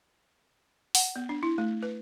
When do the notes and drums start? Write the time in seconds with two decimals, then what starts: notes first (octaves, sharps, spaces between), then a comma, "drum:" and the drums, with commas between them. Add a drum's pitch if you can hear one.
0.95 F#5, drum: open hi-hat
1.16 B3
1.29 D4
1.43 E4
1.58 A3
1.82 B4